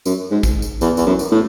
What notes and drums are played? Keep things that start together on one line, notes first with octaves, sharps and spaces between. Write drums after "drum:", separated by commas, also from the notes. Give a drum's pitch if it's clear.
F#2, drum: tambourine
G#2
drum: kick A1, tambourine
drum: tambourine
E2, drum: tambourine
E2, drum: tambourine
F#2
drum: tambourine
A2